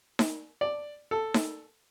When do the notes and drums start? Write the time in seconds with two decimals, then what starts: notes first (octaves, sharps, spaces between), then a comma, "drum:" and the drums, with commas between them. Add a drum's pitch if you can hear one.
0.19 drum: snare D#4
0.61 D5
1.11 A4
1.34 drum: snare D#4